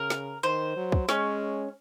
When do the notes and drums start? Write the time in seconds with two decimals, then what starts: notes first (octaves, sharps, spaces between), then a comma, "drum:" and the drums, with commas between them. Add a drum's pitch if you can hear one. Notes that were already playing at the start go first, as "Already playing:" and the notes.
Already playing: C#3 A#4
0.10 drum: snare
0.43 D#3 C5
0.77 F#3
0.92 drum: kick
1.09 G#3 C#4, drum: snare